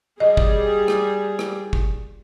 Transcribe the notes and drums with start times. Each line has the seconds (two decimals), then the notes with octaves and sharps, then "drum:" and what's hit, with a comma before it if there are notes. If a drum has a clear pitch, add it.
0.20 G3 G#4 D#5
0.37 drum: kick
0.88 drum: rim click
1.39 drum: rim click
1.73 drum: kick